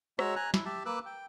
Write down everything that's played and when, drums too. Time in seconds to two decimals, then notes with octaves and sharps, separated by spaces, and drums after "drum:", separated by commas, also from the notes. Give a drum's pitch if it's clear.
0.19 G#3 F#4 C#5 A#5 E6, drum: rim click
0.36 G#5 A#5 F#6
0.54 E4, drum: snare
0.65 G4 E5 A5
0.86 A#3 B4 D6 E6 F#6
1.06 G5